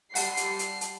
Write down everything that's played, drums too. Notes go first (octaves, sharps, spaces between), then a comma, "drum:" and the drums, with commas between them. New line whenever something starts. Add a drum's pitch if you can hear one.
G3 F#5 A5 C7, drum: open hi-hat
drum: hi-hat
drum: hi-hat
drum: hi-hat